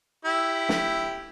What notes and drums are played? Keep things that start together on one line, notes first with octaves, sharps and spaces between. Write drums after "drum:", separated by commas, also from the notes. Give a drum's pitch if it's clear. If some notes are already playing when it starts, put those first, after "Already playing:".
E4 G4
drum: snare